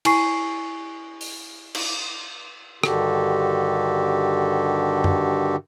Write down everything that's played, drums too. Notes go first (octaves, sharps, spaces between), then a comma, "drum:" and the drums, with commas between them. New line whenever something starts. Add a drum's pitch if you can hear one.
E4 G#5 C#6 C7, drum: cymbal
drum: open hi-hat
drum: cymbal
G2 D3 D#3 F#4 G4 A4, drum: rim click
drum: tom F#2